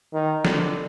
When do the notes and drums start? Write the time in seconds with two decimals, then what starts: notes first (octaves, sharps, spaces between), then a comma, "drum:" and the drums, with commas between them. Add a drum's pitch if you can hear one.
0.14 D#3
0.45 D3, drum: snare